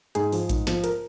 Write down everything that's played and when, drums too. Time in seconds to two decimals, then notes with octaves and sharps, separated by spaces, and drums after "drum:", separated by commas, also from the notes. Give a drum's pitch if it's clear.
0.15 G#2 G#4, drum: hi-hat
0.32 F3, drum: open hi-hat
0.49 G#2, drum: kick A1, hi-hat
0.67 F3, drum: snare
0.84 A#4, drum: hi-hat